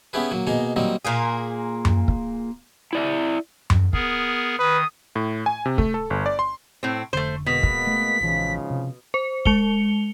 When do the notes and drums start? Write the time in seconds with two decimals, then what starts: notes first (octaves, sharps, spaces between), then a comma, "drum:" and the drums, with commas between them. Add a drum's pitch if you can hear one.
0.13 B3 C#4 E4 G4 G#4 B4
0.31 F#3 A#3
0.47 B2 A#3 D#4 G#4 A#5
0.76 F#3 G3 A#3 C4 D#4
1.05 A#2 A#3 G#4
1.85 drum: tom F#2
2.08 drum: kick
2.93 E4 D5 E5
3.70 drum: tom F#2
3.93 B3 G#4 A#4, drum: kick
4.59 D#3 B4 D#6
5.16 A2
5.46 G#5
5.66 C3
5.78 A3, drum: kick
5.94 A4
6.10 G1
6.26 D5
6.39 C6
6.83 A2 C4
7.13 F1 D3 A3 C5
7.46 B2 G#3 A#3 B3 B6
7.63 drum: kick
7.87 A3
8.21 A#1 G#2 C#3 E3 F3
8.70 C3
9.14 C5
9.45 G#3 C#7 F7 G7, drum: kick